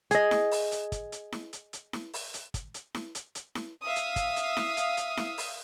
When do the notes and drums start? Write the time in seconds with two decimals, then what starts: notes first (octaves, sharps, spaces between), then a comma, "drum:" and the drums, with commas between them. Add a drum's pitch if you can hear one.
0.11 G#4 D#5, drum: hi-hat
0.31 drum: snare E4
0.51 drum: open hi-hat
0.72 drum: hi-hat
0.92 drum: kick, hi-hat
1.12 drum: hi-hat
1.32 drum: snare E4
1.53 drum: hi-hat
1.73 drum: hi-hat
1.93 drum: snare E4
2.14 drum: open hi-hat
2.34 drum: hi-hat
2.54 drum: kick, hi-hat
2.74 drum: hi-hat
2.95 drum: snare E4
3.15 drum: hi-hat
3.35 drum: hi-hat
3.55 drum: snare E4
3.84 E5 F5 D#6
3.96 drum: hi-hat
4.16 drum: kick, hi-hat
4.36 drum: hi-hat
4.57 drum: snare E4
4.77 drum: hi-hat
4.97 drum: hi-hat
5.17 drum: snare E4
5.38 drum: open hi-hat